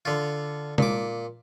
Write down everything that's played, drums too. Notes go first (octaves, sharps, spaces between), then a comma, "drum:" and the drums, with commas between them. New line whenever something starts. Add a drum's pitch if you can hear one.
D3 F4
A#2 D6, drum: tom